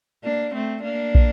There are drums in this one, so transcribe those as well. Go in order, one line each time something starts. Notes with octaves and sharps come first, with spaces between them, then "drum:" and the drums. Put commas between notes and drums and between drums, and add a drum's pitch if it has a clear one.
A#3 D4
A3 C4
A#3 D4
drum: kick